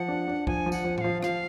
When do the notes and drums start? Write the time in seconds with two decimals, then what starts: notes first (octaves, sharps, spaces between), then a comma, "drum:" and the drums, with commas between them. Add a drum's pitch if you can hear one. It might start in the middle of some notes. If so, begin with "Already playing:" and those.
Already playing: F3 F#5
0.08 D4
0.28 D4
0.47 F3 G#5, drum: kick
0.66 F3
0.72 F#5, drum: tambourine
0.84 F3
0.98 F#5, drum: tom A2
1.01 F3 F5
1.23 F3 F5, drum: rim click